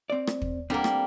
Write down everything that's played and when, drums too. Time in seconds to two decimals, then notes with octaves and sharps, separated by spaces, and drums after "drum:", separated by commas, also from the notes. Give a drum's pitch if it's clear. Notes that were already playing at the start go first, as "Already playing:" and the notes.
0.10 C4 D5
0.27 drum: rim click
0.42 drum: kick
0.70 G3 A#3 C4 D4 A4
0.84 drum: rim click